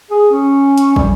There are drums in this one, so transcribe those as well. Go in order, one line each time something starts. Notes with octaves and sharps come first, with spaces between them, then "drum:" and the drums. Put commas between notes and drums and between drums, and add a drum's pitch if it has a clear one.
G#4
C#4
drum: hi-hat
G3, drum: kick